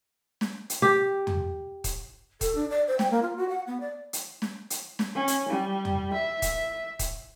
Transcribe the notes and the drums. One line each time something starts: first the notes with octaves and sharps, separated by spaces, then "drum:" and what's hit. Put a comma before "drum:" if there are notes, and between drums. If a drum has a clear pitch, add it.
drum: snare
drum: hi-hat
G4
drum: tom E2
drum: kick D#1, hi-hat
A4, drum: kick D#1, hi-hat
D4
D5
C5
G5, drum: snare
A#3
F4
F#4
F#5
B3
D5
drum: hi-hat
drum: snare
drum: hi-hat
drum: snare
C#4
drum: hi-hat
G3
drum: tom E2
E5
drum: kick D#1, hi-hat
drum: kick D#1, hi-hat